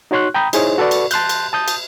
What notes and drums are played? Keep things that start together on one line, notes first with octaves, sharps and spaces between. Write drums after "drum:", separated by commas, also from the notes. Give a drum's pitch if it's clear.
D#4 F#4 C#5 C6 C#6 F#6
G5 A#5 B5 D#6 G6
D#4 E4 G#4 C5 C#5 D#5, drum: cymbal
F#4 A4 B4 D5 C#6
drum: cymbal
A5 C6 F#6 G6, drum: cymbal
drum: cymbal
A5 D#6 G6
drum: cymbal